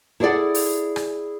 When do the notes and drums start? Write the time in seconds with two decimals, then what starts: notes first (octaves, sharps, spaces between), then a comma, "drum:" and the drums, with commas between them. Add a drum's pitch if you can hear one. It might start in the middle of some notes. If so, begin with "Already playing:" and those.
0.20 E4 G#4 A4 C#5 D5 F#5
0.55 drum: open hi-hat
0.96 drum: rim click